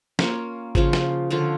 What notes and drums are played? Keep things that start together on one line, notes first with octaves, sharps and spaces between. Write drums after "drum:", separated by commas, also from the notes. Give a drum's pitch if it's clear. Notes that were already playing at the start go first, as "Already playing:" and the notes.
A#3 C#4 F4 C#5, drum: snare
C#3 F3 C#4 F4, drum: kick G#1
drum: snare
D3 F3 C#4 F4